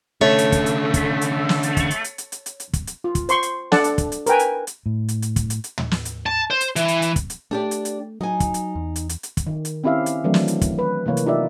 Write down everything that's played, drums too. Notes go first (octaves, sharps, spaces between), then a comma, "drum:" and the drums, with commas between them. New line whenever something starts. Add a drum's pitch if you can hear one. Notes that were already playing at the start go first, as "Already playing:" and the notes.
D3 A3 C#4 C#5
drum: hi-hat
drum: kick, hi-hat
drum: hi-hat
drum: kick, hi-hat
drum: hi-hat
drum: snare
drum: hi-hat
drum: kick, hi-hat
drum: hi-hat
drum: hi-hat
drum: hi-hat
drum: hi-hat
drum: hi-hat
drum: hi-hat
drum: kick, hi-hat
drum: hi-hat
F4
drum: kick, hi-hat
C5 C6 C#6, drum: hi-hat
drum: hi-hat
D4 A4 D5 F#5 A5, drum: snare
drum: hi-hat
drum: kick, hi-hat
drum: hi-hat
A#4 B4 G5 G#5, drum: hi-hat
drum: hi-hat
drum: hi-hat
A2
drum: hi-hat
drum: hi-hat
drum: kick, hi-hat
drum: hi-hat
drum: hi-hat
drum: tom
drum: snare
drum: hi-hat
A5
C5
drum: hi-hat
E3, drum: hi-hat
drum: hi-hat
drum: hi-hat
drum: kick, hi-hat
drum: hi-hat
A3 D4 G4 D5
drum: hi-hat
drum: hi-hat
F#3 D#4 G#5
drum: kick, hi-hat
drum: hi-hat
E2
drum: hi-hat
drum: hi-hat
drum: hi-hat
drum: kick, hi-hat
D#3
drum: hi-hat
C4 C#4 E4 G4 E5 F5
drum: hi-hat
D#3 E3 F#3 A3 C4 D4
drum: snare
drum: hi-hat
drum: kick, hi-hat
B4
C3 E3 A#3 C#5
drum: hi-hat
D#4 F4 G4 D5 E5